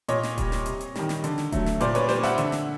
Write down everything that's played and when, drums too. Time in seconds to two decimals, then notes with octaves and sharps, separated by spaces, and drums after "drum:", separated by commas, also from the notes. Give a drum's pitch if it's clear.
0.08 A#2 C#5 D#5, drum: hi-hat
0.23 drum: snare
0.38 G3, drum: kick D#1, hi-hat
0.52 drum: snare
0.66 C3, drum: hi-hat
0.81 drum: hi-hat
0.95 D#3 G3, drum: snare
1.09 drum: snare
1.24 D3, drum: hi-hat
1.38 drum: snare
1.52 F#3 A3, drum: kick D#1, hi-hat
1.66 drum: snare
1.81 A#2 C5 D5, drum: hi-hat
1.95 B4 C#5, drum: hi-hat
2.09 G3 C5 D5, drum: snare
2.23 E5 F#5, drum: snare
2.38 D3, drum: hi-hat
2.52 drum: snare